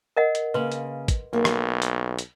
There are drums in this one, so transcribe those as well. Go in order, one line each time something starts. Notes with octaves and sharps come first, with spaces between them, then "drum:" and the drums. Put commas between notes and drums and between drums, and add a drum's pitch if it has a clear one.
A#4 D#5 F#5
drum: hi-hat
C#3 A#3 B4 C6
drum: hi-hat
drum: kick, hi-hat
B1 A#3
drum: rim click
drum: hi-hat
drum: hi-hat